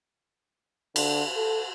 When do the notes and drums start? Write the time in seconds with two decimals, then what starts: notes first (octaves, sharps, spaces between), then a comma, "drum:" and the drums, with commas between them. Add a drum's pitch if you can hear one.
0.96 D3, drum: cymbal
1.36 A4